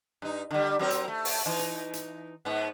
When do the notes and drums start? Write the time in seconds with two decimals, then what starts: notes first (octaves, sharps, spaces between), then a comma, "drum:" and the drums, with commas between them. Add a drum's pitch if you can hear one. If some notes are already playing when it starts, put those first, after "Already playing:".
0.22 G2 D#4
0.51 D3 G3
0.79 F#3 C4 A#4
0.91 drum: hi-hat
1.08 A3
1.25 drum: open hi-hat
1.46 E3 D#4
1.59 drum: hi-hat
1.93 drum: hi-hat
2.45 G#2 B3